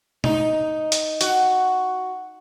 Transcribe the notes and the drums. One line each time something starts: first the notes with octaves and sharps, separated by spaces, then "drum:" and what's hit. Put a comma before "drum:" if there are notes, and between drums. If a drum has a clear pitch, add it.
D#4, drum: tom
drum: hi-hat
F#4, drum: hi-hat